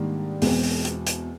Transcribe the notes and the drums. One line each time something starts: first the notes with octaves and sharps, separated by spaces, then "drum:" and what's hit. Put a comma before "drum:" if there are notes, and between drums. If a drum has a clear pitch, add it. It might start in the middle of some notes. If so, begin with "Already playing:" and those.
Already playing: G#2 D#3 G3 A#3 D4
E2 B2 G#3 C4, drum: open hi-hat
drum: open hi-hat
drum: hi-hat
drum: hi-hat